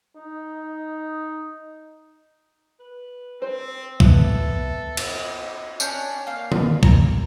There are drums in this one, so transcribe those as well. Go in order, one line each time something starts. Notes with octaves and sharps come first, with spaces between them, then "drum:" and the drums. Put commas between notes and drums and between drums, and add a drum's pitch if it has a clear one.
D#4
B4
C4 C5
B3 A4 E5, drum: kick
drum: cymbal
C#4 D4 C#5 G5, drum: tambourine
A#3 F5
drum: tom D3
A#5, drum: kick